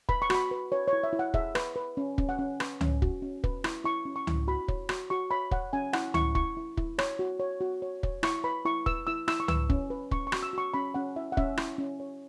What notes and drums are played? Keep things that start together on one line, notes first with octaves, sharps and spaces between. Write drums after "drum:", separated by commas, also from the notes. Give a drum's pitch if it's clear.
B4 B5, drum: kick
C#6
F#4 B5, drum: rim click
B4
B4 C#5
C#5
E4
E5
E4
F#5
G#4 E5, drum: kick
B4, drum: rim click
B4
C#4
C#4, drum: kick
F#5
C#4
B4, drum: rim click
C#4, drum: tom C#2
F#4, drum: kick
C#4
B4, drum: kick
E4, drum: rim click
E4 C#6
C#4
C#6
E4, drum: tom C#2
F#4 B5
C#5, drum: kick
F#4, drum: rim click
F#4 C#6
C#5 B5
C#5 F#5, drum: kick
C#4 G#5
E4 F#5, drum: rim click
E4 C#6, drum: tom C#2
E4 C#6, drum: kick
E4
E4, drum: kick
C#5, drum: rim click
F#4
C#5
F#4
C#5
C#5, drum: kick
E4 C#6, drum: rim click
B4 B5
E4 C#6
B4 E6, drum: kick
E4 E6
E4 E6, drum: rim click
C#6
B4 E6, drum: tom C#2
C#4, drum: kick
B4
C#4 C#6, drum: kick
C#6
F#4, drum: rim click
E6
F#4 C#6
C#4 B5
C#4 F#5
E4 E5
F#5
C#4 E5, drum: kick
E4, drum: rim click
C#4
C#5